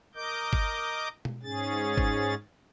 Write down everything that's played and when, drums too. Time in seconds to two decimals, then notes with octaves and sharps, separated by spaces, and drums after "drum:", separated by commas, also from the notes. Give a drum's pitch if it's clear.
0.15 A#4 D#5 D6 G6
0.53 drum: kick G1
1.25 drum: tom B2
1.43 G#2 C#4 G#4 A6
1.98 drum: kick G1